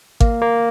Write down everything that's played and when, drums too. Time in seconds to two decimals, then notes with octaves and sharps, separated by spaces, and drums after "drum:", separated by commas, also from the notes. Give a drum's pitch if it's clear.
0.20 A#3, drum: kick
0.42 A#3